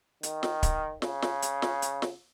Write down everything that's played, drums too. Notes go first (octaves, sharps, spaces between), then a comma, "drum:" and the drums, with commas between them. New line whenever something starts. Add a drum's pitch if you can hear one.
D#3, drum: hi-hat
drum: snare
drum: kick D1, hi-hat
C#3, drum: snare
drum: snare
drum: hi-hat
drum: snare
drum: hi-hat
drum: snare